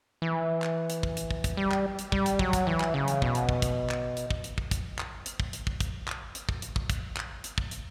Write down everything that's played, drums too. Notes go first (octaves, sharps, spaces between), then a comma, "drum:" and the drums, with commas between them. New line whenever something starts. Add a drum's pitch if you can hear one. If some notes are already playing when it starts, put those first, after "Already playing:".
E3
drum: clap
drum: hi-hat
drum: kick
drum: hi-hat
drum: kick
drum: kick, hi-hat
G3
drum: clap
drum: hi-hat
G3, drum: kick
drum: hi-hat
F#3, drum: kick
drum: kick, hi-hat
E3
drum: clap
C#3
drum: hi-hat
B2, drum: kick
drum: hi-hat
drum: kick
drum: kick, hi-hat
drum: clap
drum: hi-hat
drum: kick
drum: hi-hat
drum: kick
drum: kick, hi-hat
drum: clap
drum: hi-hat
drum: kick
drum: hi-hat
drum: kick
drum: kick, hi-hat
drum: clap
drum: hi-hat
drum: kick
drum: hi-hat
drum: kick
drum: kick, hi-hat
drum: clap
drum: hi-hat
drum: kick
drum: hi-hat